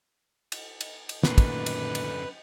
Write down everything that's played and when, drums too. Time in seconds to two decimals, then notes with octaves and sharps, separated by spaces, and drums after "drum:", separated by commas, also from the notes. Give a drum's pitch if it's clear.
0.52 drum: cymbal
0.81 drum: cymbal
1.09 drum: cymbal
1.23 F#2 A#2 D3 D#3 A3 B4, drum: snare
1.38 drum: kick, cymbal
1.66 drum: cymbal
1.95 drum: cymbal